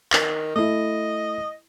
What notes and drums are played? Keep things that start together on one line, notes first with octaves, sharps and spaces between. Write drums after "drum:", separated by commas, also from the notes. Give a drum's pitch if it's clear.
D#3, drum: clap
A3 E4 D#5